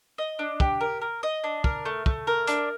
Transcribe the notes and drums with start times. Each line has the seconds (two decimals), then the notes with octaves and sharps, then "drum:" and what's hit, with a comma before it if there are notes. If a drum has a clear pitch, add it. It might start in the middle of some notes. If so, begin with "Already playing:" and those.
0.18 D#5
0.39 D4
0.60 G4, drum: kick
0.81 A#4
1.01 A#4
1.23 D#5
1.44 D4
1.64 A#4, drum: kick
1.85 A3
2.06 A3, drum: kick
2.27 A#4
2.47 D4, drum: hi-hat